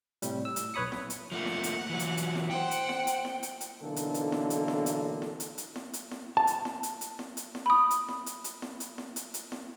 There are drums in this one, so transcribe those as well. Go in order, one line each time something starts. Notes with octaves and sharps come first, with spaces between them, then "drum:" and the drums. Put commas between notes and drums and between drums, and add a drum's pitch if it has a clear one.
A2 C3 G3, drum: hi-hat
E6
drum: hi-hat
B1 B4 C#5 B5 D#6 C#7
drum: snare E4
drum: hi-hat
F3 A3 A#3 F#5
drum: snare E4
drum: hi-hat
E3 F#3
drum: hi-hat
drum: hi-hat
drum: snare E4
C5 F#5 G5
drum: hi-hat
drum: snare E4
drum: hi-hat
drum: snare E4
drum: hi-hat
drum: hi-hat
B1 D3 E3 A#3 D4 A4
drum: hi-hat
drum: hi-hat
drum: snare E4
drum: hi-hat
drum: snare E4
drum: hi-hat
drum: snare E4
drum: hi-hat
drum: hi-hat
drum: snare E4
drum: hi-hat
drum: snare E4
A5
drum: hi-hat
drum: snare E4
drum: hi-hat
drum: hi-hat
drum: snare E4
drum: hi-hat
drum: snare E4
B5 D#6
drum: hi-hat
drum: snare E4
drum: hi-hat
drum: hi-hat
drum: snare E4
drum: hi-hat
drum: snare E4
drum: hi-hat
drum: hi-hat
drum: snare E4